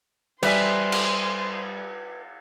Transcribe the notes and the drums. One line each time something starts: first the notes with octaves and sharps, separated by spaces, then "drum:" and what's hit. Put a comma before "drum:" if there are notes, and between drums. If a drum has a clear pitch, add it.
G3 B4 C5 E5 G#5 C6, drum: cymbal
drum: cymbal